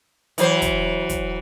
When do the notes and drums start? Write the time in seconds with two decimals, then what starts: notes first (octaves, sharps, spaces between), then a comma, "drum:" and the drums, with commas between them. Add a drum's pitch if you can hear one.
0.38 E3 F#3 C5, drum: hi-hat
0.62 drum: kick, hi-hat
1.09 drum: kick, hi-hat